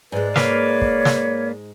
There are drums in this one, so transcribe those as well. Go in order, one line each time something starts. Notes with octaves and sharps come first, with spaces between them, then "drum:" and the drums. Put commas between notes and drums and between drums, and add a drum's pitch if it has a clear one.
G#2 G#3 B4 D5
A#3 B4 C#5 F5, drum: snare
drum: kick
drum: snare